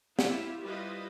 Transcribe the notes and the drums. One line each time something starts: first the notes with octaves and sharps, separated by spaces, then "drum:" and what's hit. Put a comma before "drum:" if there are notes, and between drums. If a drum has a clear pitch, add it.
E4 F4 G4, drum: snare
G3 E4 F4 B4 C5 D#5